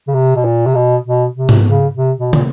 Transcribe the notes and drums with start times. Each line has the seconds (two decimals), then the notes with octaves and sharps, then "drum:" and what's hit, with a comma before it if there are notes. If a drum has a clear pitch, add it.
0.08 C#3
0.14 C3
0.36 B2
0.45 A#2
0.66 C3
0.75 B2
1.05 B2
1.36 C3
1.49 drum: tom G#2
1.66 C#3
1.96 C3
2.19 B2
2.33 A#2, drum: tom